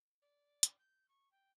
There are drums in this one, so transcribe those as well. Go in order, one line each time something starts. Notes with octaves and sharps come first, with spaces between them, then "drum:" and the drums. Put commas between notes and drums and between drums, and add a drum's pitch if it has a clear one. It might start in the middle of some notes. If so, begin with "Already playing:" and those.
D5
drum: hi-hat
G6
C#6
G5